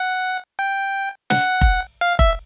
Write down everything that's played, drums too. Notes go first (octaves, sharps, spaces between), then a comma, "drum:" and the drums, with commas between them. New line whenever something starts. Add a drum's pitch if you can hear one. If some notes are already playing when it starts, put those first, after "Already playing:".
Already playing: F#5
G5
F#5, drum: snare
drum: kick F1
F5
E5, drum: kick F1